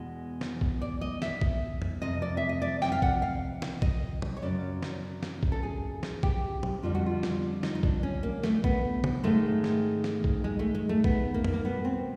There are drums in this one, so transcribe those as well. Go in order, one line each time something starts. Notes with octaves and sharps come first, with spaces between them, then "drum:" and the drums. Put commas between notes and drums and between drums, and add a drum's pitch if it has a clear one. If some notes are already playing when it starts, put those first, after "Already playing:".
Already playing: E2 B2 G#3
drum: snare
drum: kick B1
D5
D#5
E5, drum: snare
drum: kick B1
drum: tom F2
F2 C3 D#5
D5
E5
D#5
D5
G5, drum: snare
F5
F#5, drum: kick B1
F5
drum: snare
D#5, drum: kick B1
drum: tom
C#5
F#2 C#3 F#3 D5
drum: snare
drum: snare
drum: kick B1
A4
G#4
drum: snare
G4, drum: kick B1
drum: tom
F2 D3 G3 F4
F#4
F4
drum: snare
D#4, drum: snare
D#4
D4, drum: kick B1
C#4
A#3
A3, drum: snare
B3, drum: kick B1
drum: tom
G#2 D#3 G#3 A3
drum: snare
drum: snare
drum: kick B1
G#3
A3
G#3
A3
B3, drum: kick B1
A#3
drum: tom F2
A#3
B2 G3 B3
C4